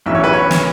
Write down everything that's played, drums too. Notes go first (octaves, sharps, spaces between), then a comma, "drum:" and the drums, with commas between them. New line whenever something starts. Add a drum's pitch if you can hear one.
B1 A2 E3 A3 C#4 E5
C#5
B4
C#5
drum: snare